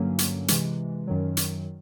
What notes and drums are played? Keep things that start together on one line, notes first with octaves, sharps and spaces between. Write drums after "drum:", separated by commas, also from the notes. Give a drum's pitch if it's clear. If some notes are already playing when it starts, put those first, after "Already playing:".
Already playing: G2 D3 F#3 A#3 C#4
drum: hi-hat
C3 E3 G#3, drum: hi-hat
F#2 D#3 F#3
drum: hi-hat